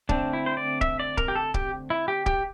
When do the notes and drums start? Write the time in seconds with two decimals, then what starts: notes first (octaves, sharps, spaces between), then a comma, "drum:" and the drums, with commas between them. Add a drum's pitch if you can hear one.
0.09 D3 A3 C4 D4, drum: kick C#1
0.33 E4
0.46 C5
0.57 D5
0.81 E5, drum: kick C#1
1.00 D5
1.17 A#4, drum: kick C#1
1.28 G4
1.36 A4
1.54 G4, drum: kick C#1
1.90 E4
2.08 G4
2.26 G4, drum: kick C#1